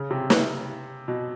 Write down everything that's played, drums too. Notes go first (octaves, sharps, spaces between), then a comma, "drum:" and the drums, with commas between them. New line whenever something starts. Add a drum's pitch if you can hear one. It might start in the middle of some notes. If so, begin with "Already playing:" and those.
Already playing: C#3
C3
drum: snare
B2